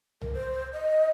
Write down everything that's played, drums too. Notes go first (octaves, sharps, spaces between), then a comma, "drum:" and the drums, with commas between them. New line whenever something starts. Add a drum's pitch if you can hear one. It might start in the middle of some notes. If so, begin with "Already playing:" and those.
A#4, drum: tom C2
C5
D#5